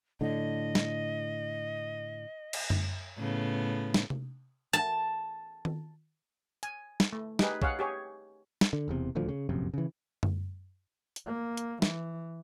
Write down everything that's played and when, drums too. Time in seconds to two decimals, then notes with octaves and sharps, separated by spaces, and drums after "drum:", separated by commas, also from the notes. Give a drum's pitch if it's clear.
0.21 A2 D3 D#5
0.75 drum: snare
2.53 drum: cymbal
2.70 drum: tom F#2
3.17 A2 C#3 B3
3.94 drum: snare
4.10 drum: tom C3
4.73 A5
5.65 drum: tom D#3
6.63 G#5, drum: hi-hat
7.00 drum: snare
7.13 A3
7.39 D#4 G4 G#4 B4, drum: snare
7.62 G#4 C#5 F5 F#5, drum: kick
7.79 G4 G#4 C#5
8.61 drum: snare
8.73 D3
8.88 E1 E2 C3
9.15 D#1 D2 D3 F3
9.29 C#3
9.49 F1 A#1 F#2 C3
9.74 C#3 E3
10.23 drum: tom F#2
11.16 drum: hi-hat
11.26 A#3
11.57 drum: hi-hat
11.82 E3, drum: snare